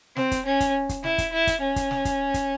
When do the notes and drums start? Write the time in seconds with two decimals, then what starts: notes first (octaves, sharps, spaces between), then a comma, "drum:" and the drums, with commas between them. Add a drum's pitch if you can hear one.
0.16 C4, drum: snare
0.31 drum: kick, hi-hat
0.46 C#4
0.60 drum: kick, hi-hat
0.89 drum: kick, hi-hat
1.04 E4, drum: snare
1.18 drum: kick, hi-hat
1.33 E4
1.47 drum: kick, hi-hat
1.62 C#4
1.76 drum: kick, hi-hat
1.91 drum: snare
2.05 drum: kick, hi-hat
2.34 drum: kick, hi-hat